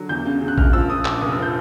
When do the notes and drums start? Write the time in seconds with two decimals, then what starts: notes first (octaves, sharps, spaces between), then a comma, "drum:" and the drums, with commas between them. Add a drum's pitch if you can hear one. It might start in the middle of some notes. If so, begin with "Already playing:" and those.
Already playing: D3 F#3
0.09 E2 G6
0.25 C#3
0.42 C#3
0.48 F#6
0.58 A#1 F6, drum: kick A#1
0.73 F3 E6
0.89 F3 D#6
1.05 A#1 D6, drum: clap
1.21 F1 D#6
1.32 E6
1.37 F3
1.42 G6